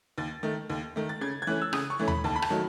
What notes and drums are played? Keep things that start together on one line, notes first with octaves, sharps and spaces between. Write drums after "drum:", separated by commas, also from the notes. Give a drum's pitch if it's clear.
D#2 A6
D#3 A3
D#2
D#3 A3
A6
C#3 G#6
G#6
E3 A3 C#4 F#6
E6
C#3 D#6, drum: rim click
C#6
E3 A3 C#4
B5, drum: tom D#2
D#2 A5
B5
A5, drum: rim click
D#3 F#3 A3